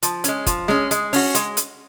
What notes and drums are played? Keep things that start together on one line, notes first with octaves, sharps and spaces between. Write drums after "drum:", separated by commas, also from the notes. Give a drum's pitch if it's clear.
F3, drum: hi-hat
G#3 C#4, drum: hi-hat
F3, drum: kick F#1, hi-hat
G#3 C#4, drum: snare
G#3, drum: hi-hat
C#4 F#4, drum: open hi-hat
G#3, drum: hi-hat
drum: hi-hat